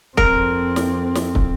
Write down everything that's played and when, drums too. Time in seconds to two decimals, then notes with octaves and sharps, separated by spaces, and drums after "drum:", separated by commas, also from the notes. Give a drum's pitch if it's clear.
0.17 F2 C4 A#4, drum: kick
0.76 drum: snare
1.15 drum: snare
1.35 drum: kick